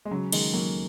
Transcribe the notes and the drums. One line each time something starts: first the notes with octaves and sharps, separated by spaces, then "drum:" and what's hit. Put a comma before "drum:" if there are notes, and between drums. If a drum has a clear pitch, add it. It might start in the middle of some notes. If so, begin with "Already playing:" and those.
G#3
C#3 F#3
D#3 G#3, drum: cymbal
F#3 A#3